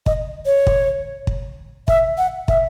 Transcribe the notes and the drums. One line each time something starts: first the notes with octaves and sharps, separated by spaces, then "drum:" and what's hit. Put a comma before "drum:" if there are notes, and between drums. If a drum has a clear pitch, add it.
D#5, drum: kick
C#5
drum: kick
drum: kick
E5, drum: kick
F#5
E5, drum: kick